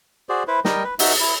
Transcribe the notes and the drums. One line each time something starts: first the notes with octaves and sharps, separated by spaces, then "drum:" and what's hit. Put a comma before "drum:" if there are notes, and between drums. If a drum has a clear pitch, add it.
F#4 G#4 C5 D5
E4 B4 C5
G3 A#4 D#5 G5, drum: snare
B4
D#4 F#4 E5, drum: open hi-hat
E4